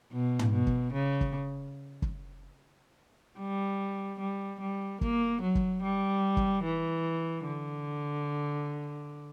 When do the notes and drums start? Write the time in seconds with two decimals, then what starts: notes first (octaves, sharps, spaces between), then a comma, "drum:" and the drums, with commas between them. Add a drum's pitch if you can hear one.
0.12 B2
0.39 drum: tom
0.52 B2
0.66 drum: kick
0.93 C#3
1.21 drum: kick
2.02 drum: kick
3.38 G3
4.20 G3
4.60 G3
5.01 A#3, drum: kick
5.42 F#3
5.55 drum: kick
5.83 G3
6.37 drum: kick
6.64 E3
7.45 D3